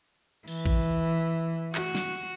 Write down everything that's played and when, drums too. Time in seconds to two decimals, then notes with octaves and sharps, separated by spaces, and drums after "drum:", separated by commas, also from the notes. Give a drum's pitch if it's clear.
0.48 E3, drum: cymbal
0.66 drum: kick A1
1.75 F#4, drum: clap
1.95 drum: snare